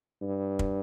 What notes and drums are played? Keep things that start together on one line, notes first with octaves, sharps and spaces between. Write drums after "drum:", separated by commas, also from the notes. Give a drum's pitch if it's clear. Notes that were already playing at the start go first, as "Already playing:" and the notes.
G2
drum: kick